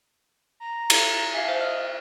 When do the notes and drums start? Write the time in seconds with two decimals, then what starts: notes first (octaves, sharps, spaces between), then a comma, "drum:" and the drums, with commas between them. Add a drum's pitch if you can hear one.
0.60 A#5
0.90 drum: cymbal
1.33 G4 E5 F5 G#5
1.45 C5 F5 A5
1.61 D#5 F6